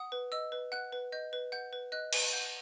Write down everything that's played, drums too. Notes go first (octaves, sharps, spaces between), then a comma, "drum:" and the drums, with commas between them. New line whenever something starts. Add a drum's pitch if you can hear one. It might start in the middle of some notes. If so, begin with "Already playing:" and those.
Already playing: F#5 D#6
B4
D#5 E6
B4
F#5 F#6
B4
D#5 G6
B4
F#5 G6
B4
D#5 F#6
B4, drum: cymbal
F#5 G6